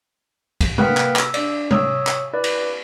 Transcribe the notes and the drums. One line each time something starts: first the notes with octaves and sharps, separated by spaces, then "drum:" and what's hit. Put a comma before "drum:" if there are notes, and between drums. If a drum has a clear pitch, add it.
drum: kick, cymbal
A#3 B4 F#5 G5 F6 B6, drum: tom C3
drum: clap
E6, drum: clap
D4 D5, drum: cymbal
C#5 D#6 E6, drum: tom C3
drum: clap
E4 B4 D5
drum: cymbal